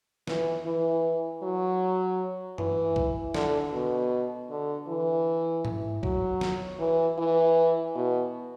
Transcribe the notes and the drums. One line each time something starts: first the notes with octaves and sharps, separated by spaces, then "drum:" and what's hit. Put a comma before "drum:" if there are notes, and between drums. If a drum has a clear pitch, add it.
E3, drum: snare
E3
F#3
E3, drum: tom F#2
drum: kick
D3, drum: snare
B2
D3
E3
drum: tom G#2
F#3, drum: kick
drum: snare
E3
E3
B2